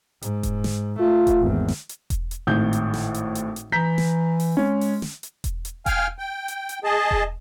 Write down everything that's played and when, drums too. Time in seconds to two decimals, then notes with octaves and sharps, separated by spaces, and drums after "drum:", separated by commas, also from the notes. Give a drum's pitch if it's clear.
0.22 G#2, drum: hi-hat
0.43 drum: kick E1, hi-hat
0.64 drum: snare
1.00 A3 F4
1.27 drum: kick E1, hi-hat
1.41 G#1 E2
1.68 drum: snare
1.89 drum: hi-hat
2.10 drum: kick E1, hi-hat
2.31 drum: hi-hat
2.47 G#1 A2 G6
2.73 drum: hi-hat
2.94 drum: snare
3.14 drum: hi-hat
3.35 drum: hi-hat
3.56 drum: hi-hat
3.72 E3 A#5 G6 B6
3.98 drum: snare
4.40 drum: open hi-hat
4.57 G#3 C#4
4.81 drum: open hi-hat
5.02 drum: snare
5.23 drum: hi-hat
5.44 drum: kick E1, hi-hat
5.65 drum: hi-hat
5.86 F5 G5 G#5 F6, drum: kick E1, hi-hat
6.19 G5
6.48 drum: hi-hat
6.69 drum: hi-hat
6.84 G#4 D#5 A5
7.11 drum: kick E1